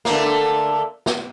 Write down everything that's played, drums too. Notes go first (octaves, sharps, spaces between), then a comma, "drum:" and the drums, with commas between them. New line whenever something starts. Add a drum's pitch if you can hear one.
D3 A3 A#3, drum: snare
drum: snare